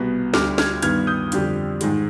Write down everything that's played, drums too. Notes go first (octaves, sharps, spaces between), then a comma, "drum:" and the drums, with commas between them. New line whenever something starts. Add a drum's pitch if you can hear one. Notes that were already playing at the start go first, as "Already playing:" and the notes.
Already playing: C2 B2 B3
D2 D3 G3 D6 F6, drum: snare
F6 G#6, drum: snare
G2 D#3 B3 F6 G#6, drum: hi-hat
D#6 G6
F2 D3 G3, drum: hi-hat
G#2 D#3 G#3, drum: hi-hat